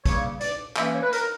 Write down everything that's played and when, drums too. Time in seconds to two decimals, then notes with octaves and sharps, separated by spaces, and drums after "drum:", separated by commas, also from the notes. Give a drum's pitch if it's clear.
0.06 C#3 G3 A#3 C#5, drum: kick, hi-hat
0.41 D5, drum: hi-hat
0.77 E3 A#3 C#4 E5, drum: clap
0.95 C#5
1.03 B4
1.13 A#4, drum: hi-hat